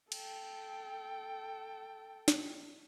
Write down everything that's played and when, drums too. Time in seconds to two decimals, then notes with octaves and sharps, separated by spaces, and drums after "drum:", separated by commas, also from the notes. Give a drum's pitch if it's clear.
0.12 A4 G5, drum: cymbal
2.28 drum: snare